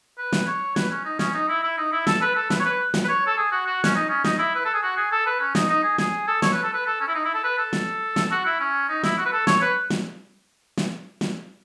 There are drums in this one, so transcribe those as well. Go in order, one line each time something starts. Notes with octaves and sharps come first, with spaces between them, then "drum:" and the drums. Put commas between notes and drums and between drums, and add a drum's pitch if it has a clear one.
B4
drum: snare
C#5
B4, drum: snare
C#4
D#4
C#4, drum: snare
D#4
E4
E4
D#4
E4
A4, drum: snare
B4
A4
B4, drum: snare
C#5
B4
drum: snare
B4
C#5
A4
G#4
F#4
F#4
C#4, drum: snare
D#4
C#4
D#4, drum: snare
E4
B4
A4
G#4
F#4
G#4
A4
B4
C#4
D#4, drum: snare
D#4
G#4
G#4, drum: snare
A4
C#5, drum: snare
B4
A4
B4
A4
C#4
E4
D#4
E4
A4
B4
A4
drum: snare
drum: snare
F#4
E4
C#4
D#4
E4, drum: snare
F#4
B4
A4
C#5, drum: snare
B4
drum: snare
drum: snare
drum: snare